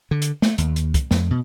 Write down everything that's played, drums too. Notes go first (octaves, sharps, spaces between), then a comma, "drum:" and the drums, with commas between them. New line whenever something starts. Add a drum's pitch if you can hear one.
D3
drum: hi-hat
A3, drum: snare
D#2, drum: hi-hat
drum: hi-hat
drum: kick, hi-hat
F2, drum: snare
B2